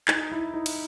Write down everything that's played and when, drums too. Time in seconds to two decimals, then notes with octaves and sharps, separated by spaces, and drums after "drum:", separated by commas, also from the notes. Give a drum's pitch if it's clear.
0.08 D#4, drum: clap
0.32 E4
0.54 D#4
0.66 drum: cymbal